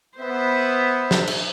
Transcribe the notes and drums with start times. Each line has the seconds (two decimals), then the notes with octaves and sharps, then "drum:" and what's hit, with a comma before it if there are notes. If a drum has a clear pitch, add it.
0.19 B3 C5 E5
1.11 drum: snare
1.27 drum: cymbal